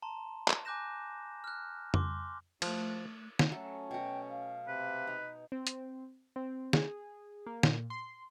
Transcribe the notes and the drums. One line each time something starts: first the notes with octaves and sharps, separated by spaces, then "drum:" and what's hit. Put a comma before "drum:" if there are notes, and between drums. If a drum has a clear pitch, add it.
A5 A#5 C6
drum: clap
G#5 D6 F#6 G6 A#6 E7
F6 F#6
C6 D6, drum: tom F2
F3 A3, drum: cymbal
drum: snare
F#3 A3 C#4 A4
B2 F#4 G5
F5
C3 B4
D#4
C4
drum: hi-hat
C4
G#4, drum: snare
A#3
A#2, drum: snare
C6